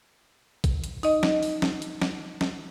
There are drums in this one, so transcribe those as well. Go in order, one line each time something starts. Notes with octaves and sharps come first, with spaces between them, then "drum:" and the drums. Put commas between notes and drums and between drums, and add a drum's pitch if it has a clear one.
drum: kick, hi-hat
drum: hi-hat
D#4 D#5, drum: open hi-hat
drum: snare
drum: open hi-hat
drum: snare
drum: hi-hat
drum: snare
drum: snare